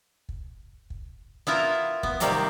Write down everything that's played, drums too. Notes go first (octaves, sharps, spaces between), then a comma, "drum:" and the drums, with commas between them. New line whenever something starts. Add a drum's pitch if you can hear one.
drum: kick
drum: kick
B3 E4 F4 A#4
B3, drum: kick
C3 D#3 G3 A#3 C4 G4, drum: hi-hat